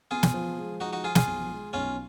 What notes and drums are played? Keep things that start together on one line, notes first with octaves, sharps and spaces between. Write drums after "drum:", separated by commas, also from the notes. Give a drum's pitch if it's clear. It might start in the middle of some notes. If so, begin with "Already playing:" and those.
B3 F4 G#4
drum: snare
F3
G#3
F3 D#4 F#4
D#4 F#4
F3 F4 G#4
F4 G#4, drum: snare
B1
G#3
B1 C#4 F4